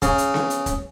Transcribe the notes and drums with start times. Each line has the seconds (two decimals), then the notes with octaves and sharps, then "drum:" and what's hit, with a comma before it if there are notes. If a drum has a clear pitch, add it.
0.02 C#3, drum: kick, hi-hat
0.18 drum: hi-hat
0.34 drum: snare B3
0.50 drum: hi-hat
0.66 drum: kick, hi-hat